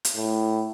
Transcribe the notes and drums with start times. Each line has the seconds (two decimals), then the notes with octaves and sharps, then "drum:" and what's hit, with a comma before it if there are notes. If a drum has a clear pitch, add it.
0.05 drum: hi-hat
0.15 A2